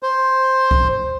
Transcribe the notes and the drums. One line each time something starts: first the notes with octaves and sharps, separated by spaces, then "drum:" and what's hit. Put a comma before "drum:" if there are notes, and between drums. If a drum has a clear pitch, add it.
C5
drum: kick C2